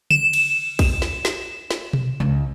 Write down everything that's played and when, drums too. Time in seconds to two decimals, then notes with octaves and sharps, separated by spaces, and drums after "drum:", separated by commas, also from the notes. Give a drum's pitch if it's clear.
0.11 E7, drum: tom C#3
0.33 drum: cymbal
0.79 drum: kick, cymbal
1.02 drum: snare
1.25 drum: snare
1.71 drum: snare
1.93 drum: tom B2
2.20 C#2